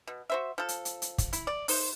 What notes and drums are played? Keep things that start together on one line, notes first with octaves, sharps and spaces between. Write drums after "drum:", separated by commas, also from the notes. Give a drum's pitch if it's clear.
B2
F#4 C5 E5
F3 A4
drum: hi-hat
drum: hi-hat
drum: hi-hat
drum: kick, hi-hat
E4, drum: hi-hat
D5
D#4 C5, drum: open hi-hat